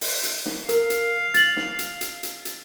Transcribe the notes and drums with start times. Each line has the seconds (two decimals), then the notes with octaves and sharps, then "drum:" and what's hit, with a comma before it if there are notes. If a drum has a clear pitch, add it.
0.01 drum: open hi-hat
0.23 drum: hi-hat
0.46 drum: snare
0.69 A#4 F5, drum: hi-hat
0.90 drum: hi-hat
1.34 A6 F#7, drum: hi-hat
1.56 drum: snare
1.79 drum: hi-hat
2.01 drum: hi-hat
2.23 drum: hi-hat
2.45 drum: hi-hat